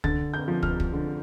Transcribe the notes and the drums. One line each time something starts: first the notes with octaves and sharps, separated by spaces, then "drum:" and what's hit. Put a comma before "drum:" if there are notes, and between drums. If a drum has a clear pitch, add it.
D3 A6, drum: kick
G6
F3
F6, drum: kick
drum: kick
D3